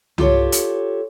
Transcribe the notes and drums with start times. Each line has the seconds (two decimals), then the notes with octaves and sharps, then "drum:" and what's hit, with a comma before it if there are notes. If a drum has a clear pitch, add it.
0.18 F4 G4 A4 C#5, drum: tom C2
0.52 drum: hi-hat